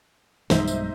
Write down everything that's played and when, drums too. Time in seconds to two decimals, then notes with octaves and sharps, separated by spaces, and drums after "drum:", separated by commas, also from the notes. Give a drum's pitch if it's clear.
0.50 B1 G2 G#3 D#4 C5 E5, drum: snare
0.68 drum: tambourine